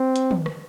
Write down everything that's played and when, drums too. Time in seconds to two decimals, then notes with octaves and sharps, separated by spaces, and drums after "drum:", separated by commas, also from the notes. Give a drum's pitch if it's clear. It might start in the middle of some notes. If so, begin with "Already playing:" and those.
Already playing: C4
0.16 drum: hi-hat
0.31 drum: tom
0.46 drum: rim click